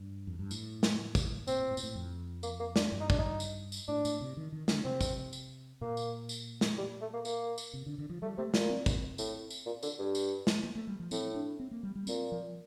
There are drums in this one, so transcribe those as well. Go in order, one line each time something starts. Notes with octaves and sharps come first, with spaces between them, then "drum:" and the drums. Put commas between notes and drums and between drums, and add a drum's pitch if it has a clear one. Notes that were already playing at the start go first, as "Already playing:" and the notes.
Already playing: G2
F2
G2
A2, drum: tambourine
drum: snare
drum: kick, tambourine
A#2 C4, drum: tambourine
A#2
A2
A#2, drum: tambourine
A2
F2
A#3, drum: tambourine
A#3
D4, drum: snare
G2
D#4
D4, drum: kick
D#4
drum: tambourine
drum: tambourine
A2 D4
A2, drum: tambourine
C3
D#3
D#3
D3, drum: snare
C3 C4
drum: kick, tambourine
drum: tambourine
A#2 A#3
drum: tambourine
drum: tambourine
drum: snare
G3
A3
A#3
A#3, drum: tambourine
drum: tambourine
C3
D3
D3
F3
G3 A3
C3 A3
A#2 A3, drum: snare
C4
drum: kick, tambourine
A2, drum: tambourine
drum: tambourine
A#2
D3, drum: tambourine
G2
drum: tambourine
drum: snare
A#3
A3
G3
F3
A2 C4, drum: tambourine
D4
C4
A#3
G3
G3
A#2 C4, drum: tambourine
F3